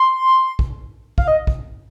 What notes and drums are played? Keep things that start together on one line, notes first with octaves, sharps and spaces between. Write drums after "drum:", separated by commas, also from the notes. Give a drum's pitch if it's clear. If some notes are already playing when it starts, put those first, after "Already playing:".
Already playing: C6
drum: kick
F5, drum: kick
D#5
drum: kick